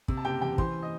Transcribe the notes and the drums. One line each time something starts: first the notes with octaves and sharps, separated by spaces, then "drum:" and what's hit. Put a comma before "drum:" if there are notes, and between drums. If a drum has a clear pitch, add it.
C3, drum: kick
A5
F#1 G4 G5
E2 G4 G5
E3 C5 C6, drum: kick
D#5 D#6